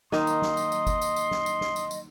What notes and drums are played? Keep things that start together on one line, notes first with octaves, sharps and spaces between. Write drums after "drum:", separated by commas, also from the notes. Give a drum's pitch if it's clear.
D#3 A#3 D#4 D#5 C6 D#6, drum: snare
drum: tambourine
drum: snare
drum: tambourine
drum: tambourine
drum: kick, tambourine
drum: tambourine
drum: tambourine
drum: snare
drum: tambourine
drum: snare
drum: tambourine
drum: tambourine